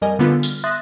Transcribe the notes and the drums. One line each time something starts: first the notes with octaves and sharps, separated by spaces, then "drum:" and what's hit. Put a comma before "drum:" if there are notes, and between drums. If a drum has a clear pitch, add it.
F2 G3 A#4 D#5 G#5
D3 G3 B3 F4 A4
F6, drum: tambourine
E5 C6 D#6 F#6 A6 A#6